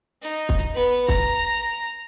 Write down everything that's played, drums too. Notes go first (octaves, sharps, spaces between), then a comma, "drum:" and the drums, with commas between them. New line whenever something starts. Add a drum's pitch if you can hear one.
D#4
drum: kick
B3 B4
A#5, drum: kick